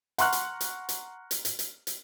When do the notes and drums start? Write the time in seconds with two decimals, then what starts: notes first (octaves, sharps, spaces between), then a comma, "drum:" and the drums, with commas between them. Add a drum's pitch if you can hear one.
0.18 F#5 A#5 C6 C#6 F6 F#6, drum: hi-hat
0.32 drum: hi-hat
0.61 drum: hi-hat
0.89 drum: hi-hat
1.31 drum: hi-hat
1.45 drum: hi-hat
1.59 drum: hi-hat
1.87 drum: hi-hat